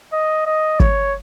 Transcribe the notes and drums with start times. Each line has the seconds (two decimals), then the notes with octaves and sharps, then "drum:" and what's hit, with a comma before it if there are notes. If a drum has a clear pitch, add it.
0.13 D#5
0.46 D#5
0.80 C#5, drum: kick